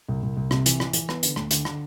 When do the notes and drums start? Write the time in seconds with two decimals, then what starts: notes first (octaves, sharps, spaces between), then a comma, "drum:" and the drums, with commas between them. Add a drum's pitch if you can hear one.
0.09 C2
0.23 C2
0.37 C2
0.51 C3, drum: rim click
0.66 E3, drum: hi-hat
0.80 E3, drum: rim click
0.93 E3, drum: hi-hat
1.09 B3, drum: rim click
1.23 D3, drum: hi-hat
1.36 D2, drum: rim click
1.51 D3, drum: hi-hat
1.65 D3, drum: rim click